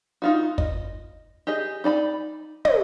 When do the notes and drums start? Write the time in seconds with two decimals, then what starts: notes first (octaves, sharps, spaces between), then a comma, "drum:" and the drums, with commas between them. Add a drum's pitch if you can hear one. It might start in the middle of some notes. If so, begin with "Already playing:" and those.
0.22 D#4 F4 F#4
0.58 D#5, drum: kick
1.47 G4 G#4 D#5
1.84 D#4 D5 A#5 B5
2.65 D#5, drum: tom